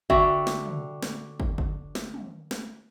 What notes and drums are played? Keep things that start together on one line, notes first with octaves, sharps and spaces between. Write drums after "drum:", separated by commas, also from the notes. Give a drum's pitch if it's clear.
D3 F#4 E5 G5, drum: kick
drum: snare
drum: tom
drum: snare
drum: kick
drum: kick
drum: snare
drum: tom
drum: snare